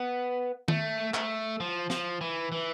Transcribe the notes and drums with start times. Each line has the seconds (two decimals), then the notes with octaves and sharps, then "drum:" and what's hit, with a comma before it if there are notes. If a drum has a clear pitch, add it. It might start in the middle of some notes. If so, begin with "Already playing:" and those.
Already playing: B3
0.68 A3, drum: tom D#3
1.14 A3, drum: clap
1.60 F3
1.90 F3, drum: snare
2.21 E3
2.52 E3